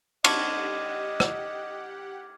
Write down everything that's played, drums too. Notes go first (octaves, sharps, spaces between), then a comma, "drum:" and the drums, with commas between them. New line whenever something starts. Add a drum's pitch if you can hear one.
D3 G4 D#5 F#5 C#6 D6 F6 G#6, drum: cymbal
drum: rim click